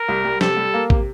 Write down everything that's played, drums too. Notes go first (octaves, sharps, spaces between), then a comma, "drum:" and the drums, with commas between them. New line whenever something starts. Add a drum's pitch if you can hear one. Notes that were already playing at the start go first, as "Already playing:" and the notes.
Already playing: A#4
C2
G3
C3 A4, drum: snare
G3
A#3
C3, drum: kick A1